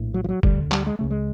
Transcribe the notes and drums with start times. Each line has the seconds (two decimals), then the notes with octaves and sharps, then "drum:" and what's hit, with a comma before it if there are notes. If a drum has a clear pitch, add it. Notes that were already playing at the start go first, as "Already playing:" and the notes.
Already playing: A#1 A2
0.14 F#3
0.24 F3
0.29 F#3
0.43 D2 D3 G3, drum: kick
0.72 G3, drum: clap
0.86 G#3
0.99 C#2 C#3 A3
1.10 G#3